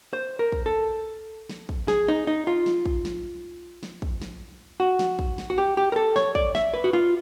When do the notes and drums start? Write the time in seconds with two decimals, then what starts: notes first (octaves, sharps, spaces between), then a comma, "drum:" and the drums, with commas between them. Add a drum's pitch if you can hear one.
0.13 C5
0.39 A#4
0.52 drum: kick
0.66 A4
1.49 drum: snare
1.69 drum: kick
1.88 G#4, drum: snare
2.08 D#4
2.27 D#4
2.47 F4
2.66 drum: snare
2.86 drum: kick
3.05 drum: snare
3.83 drum: snare
4.02 drum: kick
4.22 drum: snare
4.80 F#4
4.99 drum: snare
5.19 drum: kick
5.38 drum: snare
5.50 F#4
5.58 G4
5.77 G4
5.92 A#4
5.96 A4
6.16 C#5, drum: snare
6.35 D5, drum: kick
6.55 E5, drum: snare
6.74 B4
6.84 F#4
6.93 F4